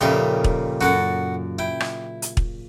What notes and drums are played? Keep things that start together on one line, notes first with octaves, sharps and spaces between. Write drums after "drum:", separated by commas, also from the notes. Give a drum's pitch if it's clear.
F2 A#2 C#3 G3 D#4 E5
drum: kick
F#2 F#4 A4 F#5
E4 G5
drum: rim click
drum: hi-hat
drum: kick